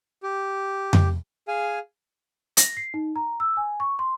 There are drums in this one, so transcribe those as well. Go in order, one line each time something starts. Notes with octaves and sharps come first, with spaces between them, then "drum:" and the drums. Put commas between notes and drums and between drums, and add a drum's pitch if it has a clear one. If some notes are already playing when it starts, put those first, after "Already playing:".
G4
drum: tom F2
G#4 F5 G#5
A#6, drum: hi-hat
C7
D#4
A#5
E6
G#5
C#6
C6